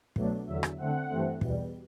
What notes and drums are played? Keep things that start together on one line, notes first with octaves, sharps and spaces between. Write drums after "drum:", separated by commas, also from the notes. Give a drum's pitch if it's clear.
B2 F#3 A3 D4, drum: kick
E2 D3 F#3 E5
drum: rim click
D3 A3 C4 F#5
G2 E3 A3 C4
E2 B2 G3, drum: kick